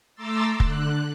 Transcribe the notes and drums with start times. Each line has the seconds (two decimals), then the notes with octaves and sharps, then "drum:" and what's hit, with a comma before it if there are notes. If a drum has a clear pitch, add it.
0.15 A3 A#5 C6 D6 E6 A6
0.60 D3 F#6, drum: kick